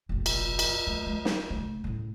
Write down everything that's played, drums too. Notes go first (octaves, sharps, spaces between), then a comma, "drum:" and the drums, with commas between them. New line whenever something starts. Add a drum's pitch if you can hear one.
F1 A#1
drum: cymbal
drum: cymbal
A3
G#3
drum: snare
F1 A3
A2 C#3